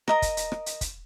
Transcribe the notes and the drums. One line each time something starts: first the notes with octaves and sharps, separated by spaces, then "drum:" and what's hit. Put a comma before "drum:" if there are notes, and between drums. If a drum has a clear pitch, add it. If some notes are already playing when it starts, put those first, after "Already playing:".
A#4 D#5 A#5, drum: rim click
drum: kick, hi-hat
drum: hi-hat
drum: rim click
drum: hi-hat
drum: kick, hi-hat